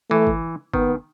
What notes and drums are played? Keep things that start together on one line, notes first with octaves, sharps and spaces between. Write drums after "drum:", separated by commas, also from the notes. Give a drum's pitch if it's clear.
E3 A3
drum: kick
D#3 B3, drum: kick